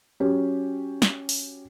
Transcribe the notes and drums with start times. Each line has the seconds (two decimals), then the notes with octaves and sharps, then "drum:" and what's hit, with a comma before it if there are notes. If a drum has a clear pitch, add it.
0.20 F#3 C#4 G4
1.02 drum: snare
1.29 drum: open hi-hat